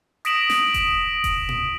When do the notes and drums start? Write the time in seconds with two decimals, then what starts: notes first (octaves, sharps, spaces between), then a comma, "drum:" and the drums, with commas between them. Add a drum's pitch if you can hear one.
0.25 D#6 A#6 B6 D7 E7 F#7, drum: hi-hat
0.50 drum: snare
0.74 drum: kick F1, hi-hat
1.24 drum: kick F1, hi-hat
1.49 drum: tom A2